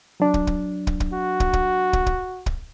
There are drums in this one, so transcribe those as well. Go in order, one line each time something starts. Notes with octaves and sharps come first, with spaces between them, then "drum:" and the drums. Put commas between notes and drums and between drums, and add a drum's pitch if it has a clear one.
F#3 D4
drum: kick
drum: kick
drum: kick
drum: kick
F#4
drum: kick
drum: kick
drum: kick
drum: kick
drum: kick